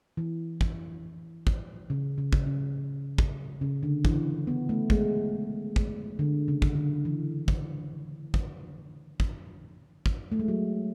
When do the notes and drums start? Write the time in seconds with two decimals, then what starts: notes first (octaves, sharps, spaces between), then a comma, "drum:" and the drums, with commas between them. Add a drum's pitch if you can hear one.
0.17 E3
0.61 drum: kick
1.47 drum: kick
1.90 C#3
2.18 C#3
2.33 drum: kick
2.47 C#3
3.18 drum: kick
3.61 C#3
3.83 D3
4.05 E3, drum: kick
4.47 B3
4.69 A3
4.90 G#3, drum: kick
5.76 drum: kick
6.19 D3
6.48 C#3
6.62 drum: kick
6.76 D3
7.05 E3
7.48 drum: kick
8.34 drum: kick
9.20 drum: kick
10.06 drum: kick
10.32 A3
10.39 G#3
10.48 F#3